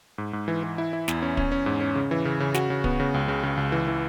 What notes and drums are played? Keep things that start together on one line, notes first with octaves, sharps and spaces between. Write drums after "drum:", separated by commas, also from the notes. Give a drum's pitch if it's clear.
G#2
G#2
E3
E3
E4
E4
E2, drum: snare
C#4
C#4, drum: kick
C#4
G#2
C#4
C#3
E3
C#3
C#3
F#4, drum: snare
C#3
B3, drum: kick
C#3
C#2
C#3
C#3
C#2
E3
E3